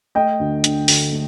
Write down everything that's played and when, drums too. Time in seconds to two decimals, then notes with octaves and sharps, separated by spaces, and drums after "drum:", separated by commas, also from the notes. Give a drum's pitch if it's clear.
0.15 A3 D#5 G5
0.39 D2
0.64 D3, drum: hi-hat
0.88 D2, drum: open hi-hat
1.12 A3